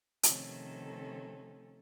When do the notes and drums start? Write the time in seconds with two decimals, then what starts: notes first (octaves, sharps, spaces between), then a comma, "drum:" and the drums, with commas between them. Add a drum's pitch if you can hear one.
0.23 C3 D#3 F3 A3 C#4 A4, drum: hi-hat